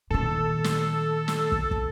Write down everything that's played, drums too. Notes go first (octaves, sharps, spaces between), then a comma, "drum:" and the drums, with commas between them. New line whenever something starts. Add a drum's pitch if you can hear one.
A#2 D#3 A4
drum: snare
drum: snare
drum: kick
drum: kick